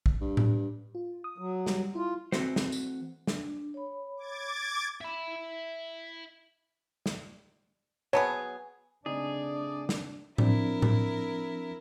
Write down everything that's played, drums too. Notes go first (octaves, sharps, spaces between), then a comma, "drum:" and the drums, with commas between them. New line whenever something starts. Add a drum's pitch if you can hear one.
drum: kick
G2
drum: tom A2
F4
D#6
F#3
G3, drum: snare
E4 F4
E3 A3 C4 F#4 C5, drum: snare
drum: snare
drum: tambourine
D4, drum: snare
C#5 B5
D6 G#6 A6
E5 B5
drum: snare
F#3 B3 G#4 C#5 A5
C#3 A3 C4 D4 D#4 G#4 D5
drum: snare
F3 C4 D4 E4 A#4, drum: tom A2
drum: tom A2